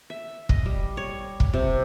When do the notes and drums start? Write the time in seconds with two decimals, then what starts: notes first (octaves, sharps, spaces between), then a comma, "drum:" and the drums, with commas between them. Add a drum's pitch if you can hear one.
0.10 E5
0.49 D#5, drum: kick
0.66 G3
0.97 C#5
1.40 drum: kick
1.53 C3